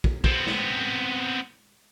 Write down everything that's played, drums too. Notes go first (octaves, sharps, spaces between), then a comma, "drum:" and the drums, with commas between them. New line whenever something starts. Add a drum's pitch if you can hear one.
drum: kick
B3 C4, drum: kick
drum: snare